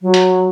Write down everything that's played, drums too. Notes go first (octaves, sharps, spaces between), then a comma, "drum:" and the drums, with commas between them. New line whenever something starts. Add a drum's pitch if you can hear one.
F#3
drum: hi-hat